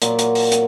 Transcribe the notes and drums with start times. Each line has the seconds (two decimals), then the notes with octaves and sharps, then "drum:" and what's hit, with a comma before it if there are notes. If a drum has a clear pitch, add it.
0.02 A#2 F#3 A#3, drum: hi-hat
0.19 drum: hi-hat
0.35 drum: open hi-hat
0.52 drum: hi-hat